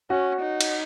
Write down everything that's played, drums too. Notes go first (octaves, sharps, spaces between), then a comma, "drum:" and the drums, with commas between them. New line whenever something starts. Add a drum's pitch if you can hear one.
C#4 F#4
D#4
drum: cymbal